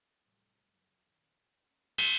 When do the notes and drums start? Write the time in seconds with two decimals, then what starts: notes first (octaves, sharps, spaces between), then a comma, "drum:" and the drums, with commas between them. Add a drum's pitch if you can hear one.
0.19 A2 C3 E3 F#3 G3 A3
0.66 F#2 C#3 F#3
1.14 A#2 D#3
1.60 A2 A#3 C#4
1.98 drum: cymbal